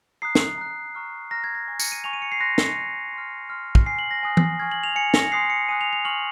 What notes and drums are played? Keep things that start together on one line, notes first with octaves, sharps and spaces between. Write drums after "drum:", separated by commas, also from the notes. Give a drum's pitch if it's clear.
A#5 D#6 F#6 C7
drum: snare
A#5 D#6 F#6
A#5 C#6 F6
A#5 C#6 F6 A#6
G#6
A#6
G#5 C#6 F6
C#7, drum: tambourine
D#7
G#5 C#6 F6 F7
D#7
C#7
C7
C6 F#6 A#6
drum: snare
C6 F#6
C6 F6
C6 F6
drum: kick
G#5 D#6 F#6 C7
F#7
A#6
G#5 D#6 F#6
drum: tom E3
G#5 C#6 F6 G#6
F#7
F7
G#5 C#6 F6 C#7
A#6, drum: snare
G#5 C6 D#6 F#6 C7
C#7
G#5 C6 D#6 F#6 D#7
F7
F7
G#5 C#6 F6 F#7